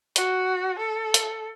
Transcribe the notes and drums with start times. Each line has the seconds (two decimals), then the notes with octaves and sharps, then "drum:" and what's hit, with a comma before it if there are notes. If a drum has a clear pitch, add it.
0.16 F#4, drum: hi-hat
0.78 A4
1.14 drum: hi-hat